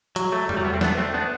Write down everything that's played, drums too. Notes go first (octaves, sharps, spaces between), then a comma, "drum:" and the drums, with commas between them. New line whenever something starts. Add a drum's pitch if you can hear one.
F#3, drum: hi-hat
F#3 A3
G3, drum: tom E2
F#3 A3
G3 B3
A3 C4
B3 D4, drum: snare
A3 C4
B3 D4